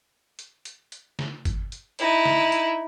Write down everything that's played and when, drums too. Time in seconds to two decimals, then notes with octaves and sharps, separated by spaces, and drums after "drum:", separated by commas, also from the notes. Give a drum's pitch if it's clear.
0.39 drum: hi-hat
0.65 drum: hi-hat
0.92 drum: hi-hat
1.19 drum: snare
1.45 drum: kick G1, hi-hat
1.72 drum: hi-hat
1.99 D#4 E4, drum: hi-hat
2.25 drum: snare
2.52 drum: hi-hat